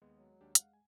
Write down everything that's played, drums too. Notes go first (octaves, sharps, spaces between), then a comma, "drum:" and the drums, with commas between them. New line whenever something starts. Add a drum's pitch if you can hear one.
D#2 G#3 B3
F#3
D#2 D4 G4
F5 F#5, drum: hi-hat
G#5